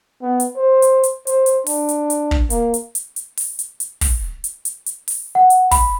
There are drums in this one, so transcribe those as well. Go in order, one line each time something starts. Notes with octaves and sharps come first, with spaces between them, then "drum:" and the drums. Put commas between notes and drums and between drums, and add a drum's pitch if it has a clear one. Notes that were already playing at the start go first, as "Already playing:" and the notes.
B3
drum: hi-hat
C5
drum: hi-hat
drum: hi-hat
C5, drum: hi-hat
drum: hi-hat
D4, drum: open hi-hat
drum: hi-hat
drum: hi-hat
drum: kick
A#3, drum: hi-hat
drum: hi-hat
drum: hi-hat
drum: hi-hat
drum: open hi-hat
drum: hi-hat
drum: hi-hat
drum: kick, open hi-hat
drum: hi-hat
drum: hi-hat
drum: hi-hat
drum: open hi-hat
F#5
drum: hi-hat
B5, drum: kick, open hi-hat